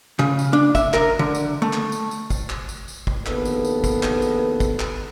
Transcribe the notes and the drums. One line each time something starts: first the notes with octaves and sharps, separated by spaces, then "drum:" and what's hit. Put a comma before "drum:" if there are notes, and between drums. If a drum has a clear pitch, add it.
C#3, drum: clap
drum: tambourine
D4
E5, drum: kick, tambourine
A#4, drum: clap
D3
drum: tambourine
A3
drum: clap
drum: tambourine
drum: tambourine
drum: kick, tambourine
drum: clap
drum: tambourine
drum: tambourine
drum: kick
A#1 D#2 B3 A4 B4, drum: clap
drum: tambourine
drum: tambourine
drum: kick, tambourine
drum: clap
drum: tambourine
drum: kick, tambourine
drum: clap